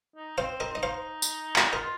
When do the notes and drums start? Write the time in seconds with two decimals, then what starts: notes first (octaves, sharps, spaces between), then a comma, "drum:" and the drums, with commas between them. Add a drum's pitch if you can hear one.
0.16 D#4
0.38 C4 C5 F5
0.60 A#4 D#5
0.72 D#4 D#5
0.83 C5 F5
1.22 drum: tambourine
1.56 drum: clap
1.73 F4 A#4 D#5